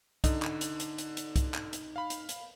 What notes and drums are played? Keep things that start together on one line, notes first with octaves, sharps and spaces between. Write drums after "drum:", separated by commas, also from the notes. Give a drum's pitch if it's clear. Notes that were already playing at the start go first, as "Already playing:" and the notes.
D3 D#4, drum: kick, hi-hat
drum: clap
drum: hi-hat
drum: hi-hat
drum: hi-hat
drum: hi-hat
drum: kick, hi-hat
drum: clap
drum: hi-hat
F5 B5
drum: hi-hat
drum: hi-hat